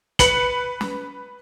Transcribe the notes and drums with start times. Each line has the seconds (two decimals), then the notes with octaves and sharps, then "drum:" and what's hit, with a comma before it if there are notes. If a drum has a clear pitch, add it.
0.19 B4 C#7 F#7, drum: kick, hi-hat
0.81 drum: snare